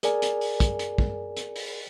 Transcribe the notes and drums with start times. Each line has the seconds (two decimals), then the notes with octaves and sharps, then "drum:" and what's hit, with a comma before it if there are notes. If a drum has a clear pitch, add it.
0.03 G#4 A#4 D5 G#5, drum: hi-hat
0.22 drum: hi-hat
0.41 drum: open hi-hat
0.60 drum: kick, hi-hat
0.79 drum: hi-hat
0.98 drum: kick
1.37 drum: hi-hat
1.56 drum: open hi-hat